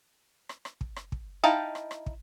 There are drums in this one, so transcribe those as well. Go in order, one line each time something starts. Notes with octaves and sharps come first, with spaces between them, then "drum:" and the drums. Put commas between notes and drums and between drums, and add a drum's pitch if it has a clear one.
drum: rim click
drum: rim click
drum: kick
drum: rim click
drum: kick
D#4 E4 F5 G5 A5
drum: rim click
drum: rim click
drum: kick